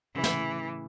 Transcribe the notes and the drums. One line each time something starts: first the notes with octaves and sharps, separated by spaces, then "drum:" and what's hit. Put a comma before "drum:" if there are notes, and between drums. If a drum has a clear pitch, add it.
C#3 E3
A2, drum: snare